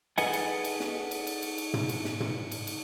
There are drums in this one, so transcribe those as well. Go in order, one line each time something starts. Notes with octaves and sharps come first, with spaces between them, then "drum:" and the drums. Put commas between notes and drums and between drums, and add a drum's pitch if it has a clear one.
G#4 A4 B4 D#5 F#5 G#5, drum: cymbal
drum: cymbal
drum: cymbal
drum: snare
drum: cymbal
drum: cymbal
drum: cymbal
drum: cymbal
drum: tom
drum: cymbal
drum: snare
drum: tom
drum: cymbal
drum: cymbal